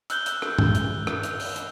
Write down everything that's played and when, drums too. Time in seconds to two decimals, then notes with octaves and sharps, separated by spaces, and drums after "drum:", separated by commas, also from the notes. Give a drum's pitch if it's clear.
0.10 E6 F#6 G6 G7, drum: hi-hat
0.26 drum: hi-hat
0.42 drum: rim click
0.58 drum: tom
0.75 drum: hi-hat
1.07 drum: rim click
1.23 drum: hi-hat
1.40 drum: open hi-hat
1.56 drum: hi-hat